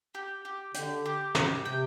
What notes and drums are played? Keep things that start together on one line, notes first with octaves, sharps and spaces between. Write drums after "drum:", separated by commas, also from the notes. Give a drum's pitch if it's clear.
G4
G4
D3 G4, drum: hi-hat
G4
G4, drum: snare
C3 G5